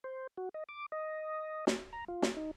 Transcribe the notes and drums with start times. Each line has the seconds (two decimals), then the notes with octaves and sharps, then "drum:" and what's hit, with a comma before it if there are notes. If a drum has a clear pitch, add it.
0.04 C5
0.37 F#4
0.54 D#5
0.69 D6
0.92 D#5
1.67 drum: snare
1.93 A#5
2.08 F4
2.22 drum: snare
2.37 D#4